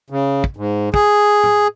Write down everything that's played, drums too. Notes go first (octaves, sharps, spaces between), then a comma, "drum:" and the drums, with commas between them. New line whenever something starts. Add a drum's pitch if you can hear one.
C#3
drum: kick
G#2
G#4, drum: kick
drum: tom A2